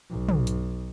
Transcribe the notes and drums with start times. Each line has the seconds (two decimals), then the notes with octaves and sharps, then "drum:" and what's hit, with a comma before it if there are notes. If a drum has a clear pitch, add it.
0.10 B1
0.29 drum: tom
0.47 drum: hi-hat